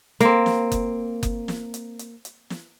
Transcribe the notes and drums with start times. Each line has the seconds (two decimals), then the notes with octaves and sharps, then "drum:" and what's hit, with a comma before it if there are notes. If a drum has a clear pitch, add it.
0.20 A#3 C4, drum: hi-hat
0.46 drum: snare
0.72 drum: kick F#1, hi-hat
1.23 drum: kick F#1, hi-hat
1.48 drum: snare
1.74 drum: hi-hat
1.99 drum: hi-hat
2.25 drum: hi-hat
2.50 drum: snare